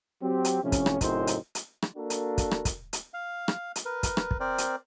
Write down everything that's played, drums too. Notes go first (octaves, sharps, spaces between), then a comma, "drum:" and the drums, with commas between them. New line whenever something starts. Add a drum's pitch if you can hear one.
F#3 C4 G4
drum: hi-hat
A2 C3 F3 C#4
drum: kick, hi-hat
drum: rim click
F#2 A2 C#3 C4 D#4 C5, drum: kick, hi-hat
drum: hi-hat
drum: hi-hat
drum: rim click
A#3 D4 F#4 A4 A#4
drum: hi-hat
drum: kick, hi-hat
drum: rim click
drum: kick, hi-hat
drum: hi-hat
F5
drum: rim click
drum: hi-hat
A#4 B4
drum: kick, hi-hat
drum: rim click
drum: kick
C4 A#4 C5 D5
drum: hi-hat